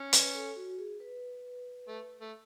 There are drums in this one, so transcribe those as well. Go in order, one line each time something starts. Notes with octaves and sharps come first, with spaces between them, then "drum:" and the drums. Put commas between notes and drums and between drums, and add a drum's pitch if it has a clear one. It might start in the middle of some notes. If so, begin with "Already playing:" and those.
Already playing: C#4
B4, drum: hi-hat
A4
F#4
G#4
B4
A3
A3